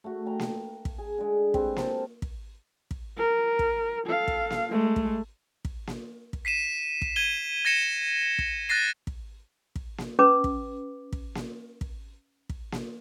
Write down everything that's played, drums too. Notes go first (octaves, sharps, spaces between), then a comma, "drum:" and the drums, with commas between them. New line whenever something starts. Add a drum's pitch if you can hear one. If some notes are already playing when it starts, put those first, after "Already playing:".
A3 F#4
F5 G5 A#5
drum: snare A#3
drum: kick
G#4
D3 G#3
C4 G4 B4, drum: kick
A4 A#4 C5, drum: snare A#3
drum: kick
drum: kick
A#4
drum: kick
A4 F5
drum: kick
drum: snare A#3
G#3 A3
drum: kick
drum: kick
drum: snare A#3
drum: kick
B6 C7 D#7 E7
drum: kick
G#6 D#7 G7
G#6 A#6 C#7 E7
drum: kick
F#6 A6 A#6 C7 D#7
drum: kick
drum: kick
drum: snare A#3
C#4 B4 D6
drum: kick
drum: kick
drum: snare A#3
drum: kick
drum: kick
drum: snare A#3